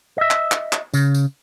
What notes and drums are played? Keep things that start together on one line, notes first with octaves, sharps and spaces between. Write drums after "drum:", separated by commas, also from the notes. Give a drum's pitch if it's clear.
D#5 E5
drum: clap
drum: clap
drum: clap
C#3, drum: tambourine
drum: tambourine